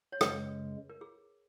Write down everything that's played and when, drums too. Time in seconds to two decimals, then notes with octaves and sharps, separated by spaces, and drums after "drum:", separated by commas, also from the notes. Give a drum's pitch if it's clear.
0.12 C#5
0.21 F#2 C#3 G#3 B4, drum: rim click
0.90 A#4
1.01 G#4